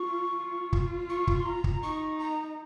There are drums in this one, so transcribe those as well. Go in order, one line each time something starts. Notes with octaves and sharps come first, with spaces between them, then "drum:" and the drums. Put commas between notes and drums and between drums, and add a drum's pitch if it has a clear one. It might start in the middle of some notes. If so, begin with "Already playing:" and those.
Already playing: F4 C#6
F4
drum: kick
C#6
drum: kick
C6
A#5
drum: kick
D#4 C#6
A#5